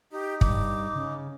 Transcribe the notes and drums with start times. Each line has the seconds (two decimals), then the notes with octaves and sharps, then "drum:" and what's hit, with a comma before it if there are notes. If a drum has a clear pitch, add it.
0.12 D#4 G4
0.41 G2 D6, drum: kick
0.95 C#3